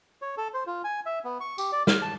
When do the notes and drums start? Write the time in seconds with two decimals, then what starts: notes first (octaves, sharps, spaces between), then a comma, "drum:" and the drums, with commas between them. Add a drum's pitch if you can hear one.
0.22 C#5
0.37 A4
0.54 C5
0.67 F4
0.84 G#5
1.06 E5
1.25 B3
1.40 C#6
1.58 G4, drum: tambourine
1.72 D5
1.87 F6, drum: snare
2.02 A5